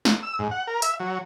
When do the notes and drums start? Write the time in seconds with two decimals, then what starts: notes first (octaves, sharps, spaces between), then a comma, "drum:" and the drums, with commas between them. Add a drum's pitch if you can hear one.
0.05 drum: snare
0.23 E6
0.39 G#2
0.51 F#5
0.67 A#4
0.82 E5, drum: hi-hat
1.00 F#3